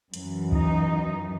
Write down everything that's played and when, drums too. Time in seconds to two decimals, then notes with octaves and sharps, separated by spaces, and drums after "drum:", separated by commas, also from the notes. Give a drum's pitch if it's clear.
0.14 F#2 E3, drum: hi-hat
0.52 D#4, drum: kick